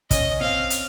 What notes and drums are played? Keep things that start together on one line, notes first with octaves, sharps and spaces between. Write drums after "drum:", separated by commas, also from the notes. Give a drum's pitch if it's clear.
C#4 D#5, drum: kick, hi-hat
C4 F5
drum: hi-hat